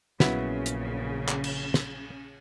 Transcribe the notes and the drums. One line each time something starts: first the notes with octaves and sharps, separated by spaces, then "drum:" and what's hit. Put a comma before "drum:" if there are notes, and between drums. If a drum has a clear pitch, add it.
A#1 C#3 F#3 B3 E4, drum: snare
drum: hi-hat
drum: clap
drum: cymbal
drum: snare